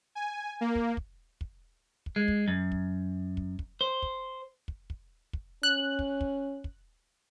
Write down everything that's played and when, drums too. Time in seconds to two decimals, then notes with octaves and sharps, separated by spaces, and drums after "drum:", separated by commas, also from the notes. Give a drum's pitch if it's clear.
0.15 G#5
0.61 A#3
0.75 drum: kick
0.97 drum: kick
1.41 drum: kick
2.06 drum: kick
2.16 G#3
2.28 drum: kick
2.48 F#2
2.72 drum: kick
3.37 drum: kick
3.59 drum: kick
3.81 C5
4.02 drum: kick
4.68 drum: kick
4.90 drum: kick
5.33 drum: kick
5.63 C#4 F#6
5.99 drum: kick
6.21 drum: kick
6.64 drum: kick